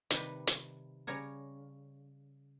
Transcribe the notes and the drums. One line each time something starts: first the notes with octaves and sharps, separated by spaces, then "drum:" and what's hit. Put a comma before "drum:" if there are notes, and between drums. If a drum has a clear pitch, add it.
C3 D#3 G3 B4, drum: hi-hat
drum: hi-hat
C#3 G3 C#5 A#5